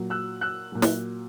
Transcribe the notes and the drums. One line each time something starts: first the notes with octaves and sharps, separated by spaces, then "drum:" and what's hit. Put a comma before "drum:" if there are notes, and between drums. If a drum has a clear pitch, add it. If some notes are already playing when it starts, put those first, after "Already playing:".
Already playing: A#2 F#3
E6 F#6
E6 F#6
A#2 F#3
drum: snare